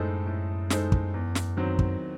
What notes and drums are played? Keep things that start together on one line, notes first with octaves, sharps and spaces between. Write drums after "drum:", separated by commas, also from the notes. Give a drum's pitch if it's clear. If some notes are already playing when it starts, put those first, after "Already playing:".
Already playing: F#2 A2 G#3 D#4 A4 C5
A2
G#3 D#4 A4 C5, drum: snare
drum: kick
E2
drum: snare
D#3 F#3 C4
drum: kick